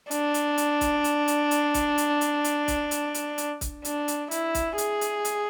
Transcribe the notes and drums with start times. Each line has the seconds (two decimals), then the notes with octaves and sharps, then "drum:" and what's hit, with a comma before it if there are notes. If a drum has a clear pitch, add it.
0.11 D4, drum: hi-hat
0.34 drum: hi-hat
0.58 drum: hi-hat
0.81 drum: kick, hi-hat
1.04 drum: hi-hat
1.28 drum: hi-hat
1.51 drum: hi-hat
1.74 drum: kick, hi-hat
1.98 drum: hi-hat
2.21 drum: hi-hat
2.44 drum: hi-hat
2.68 drum: kick, hi-hat
2.91 drum: hi-hat
3.14 drum: hi-hat
3.38 drum: hi-hat
3.61 drum: kick, hi-hat
3.85 D4, drum: hi-hat
4.08 drum: hi-hat
4.31 E4, drum: hi-hat
4.55 drum: kick, hi-hat
4.78 G#4, drum: hi-hat
5.01 drum: hi-hat
5.25 drum: hi-hat